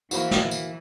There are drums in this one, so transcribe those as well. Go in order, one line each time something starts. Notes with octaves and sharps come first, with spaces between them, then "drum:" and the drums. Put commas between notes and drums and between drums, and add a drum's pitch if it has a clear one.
E3 A#3 E4 F#4 C5 B5, drum: tambourine
drum: snare
drum: tambourine